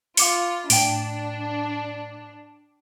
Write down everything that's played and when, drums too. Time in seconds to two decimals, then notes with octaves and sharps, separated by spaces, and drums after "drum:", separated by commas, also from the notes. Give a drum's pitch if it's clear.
0.17 F4 F5 D6 C#7, drum: open hi-hat
0.70 A2 D4 G5 D7, drum: open hi-hat